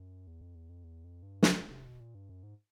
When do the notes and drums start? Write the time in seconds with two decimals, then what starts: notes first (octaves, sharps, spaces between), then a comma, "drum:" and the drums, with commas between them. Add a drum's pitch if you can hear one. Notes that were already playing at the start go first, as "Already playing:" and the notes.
Already playing: F#2
0.27 E2
0.41 F2
0.55 E2
0.69 F2
0.84 E2
1.04 F2
1.23 G2
1.43 C#3, drum: snare
1.71 C3
1.86 B2
2.00 A#2
2.15 G2
2.29 F#2
2.43 G#2